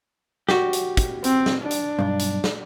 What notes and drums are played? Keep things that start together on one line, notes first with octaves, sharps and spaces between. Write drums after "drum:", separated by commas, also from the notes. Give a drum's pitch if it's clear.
F#4 G4, drum: snare
drum: hi-hat
drum: kick, hi-hat
C4, drum: hi-hat
drum: snare
D4
drum: hi-hat
B1 G2
drum: hi-hat
drum: snare